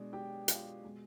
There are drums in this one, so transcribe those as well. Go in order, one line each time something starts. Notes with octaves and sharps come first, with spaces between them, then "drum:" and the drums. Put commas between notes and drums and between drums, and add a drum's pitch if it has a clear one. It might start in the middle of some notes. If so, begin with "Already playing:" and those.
Already playing: B2 G#3 D4
G4 G5
F4 F5, drum: hi-hat
B2 G#3